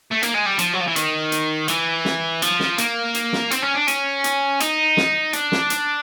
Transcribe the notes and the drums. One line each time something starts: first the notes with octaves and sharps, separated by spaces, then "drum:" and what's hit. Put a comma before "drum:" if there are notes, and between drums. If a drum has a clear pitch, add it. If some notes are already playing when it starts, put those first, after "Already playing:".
A3
A#3, drum: hi-hat
G#3
G3
F3, drum: hi-hat
F#3
F3
E3
D#3, drum: hi-hat
drum: hi-hat
E3, drum: hi-hat
drum: snare
F3, drum: hi-hat
drum: snare
A#3, drum: hi-hat
drum: hi-hat
drum: snare
C4, drum: hi-hat
C#4
D4
C#4, drum: hi-hat
drum: hi-hat
D#4, drum: hi-hat
drum: snare
D4, drum: hi-hat
drum: snare
drum: hi-hat